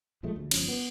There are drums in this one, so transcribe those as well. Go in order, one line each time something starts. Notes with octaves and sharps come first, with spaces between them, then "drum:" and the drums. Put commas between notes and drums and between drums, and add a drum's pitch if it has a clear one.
A#1 F3 G#3 A3
D2
G1 F3 C#4, drum: cymbal
B3